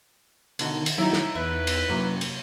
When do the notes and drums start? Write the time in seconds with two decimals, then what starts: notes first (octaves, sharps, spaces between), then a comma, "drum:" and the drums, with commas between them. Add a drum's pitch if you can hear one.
0.59 B2 D3 D#3 D#4, drum: cymbal
0.86 drum: cymbal
0.98 D#3 F#3 G3 D#4 E4
1.13 drum: snare
1.35 E2 B4 E5
1.67 drum: cymbal
1.89 F#2 C3 F#3 A#3
2.21 drum: cymbal